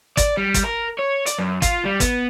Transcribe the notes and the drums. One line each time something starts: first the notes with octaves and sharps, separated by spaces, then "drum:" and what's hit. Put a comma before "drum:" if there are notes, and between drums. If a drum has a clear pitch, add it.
D5, drum: kick, hi-hat
G3
drum: kick, hi-hat
A#4
C#5
D5, drum: hi-hat
F#2
F4, drum: kick, hi-hat
G3
B3, drum: kick, hi-hat